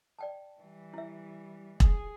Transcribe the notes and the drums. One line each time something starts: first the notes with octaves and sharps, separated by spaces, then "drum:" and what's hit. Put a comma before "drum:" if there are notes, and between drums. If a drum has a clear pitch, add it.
D5 G5 A5
E3 G3
E4 E5
G#4, drum: kick E1